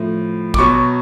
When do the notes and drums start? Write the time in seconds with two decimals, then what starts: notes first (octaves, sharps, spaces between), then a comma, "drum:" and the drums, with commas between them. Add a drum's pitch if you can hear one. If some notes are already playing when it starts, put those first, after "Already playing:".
Already playing: A2 F3
0.54 D6, drum: kick
0.59 B2 F#3 C#6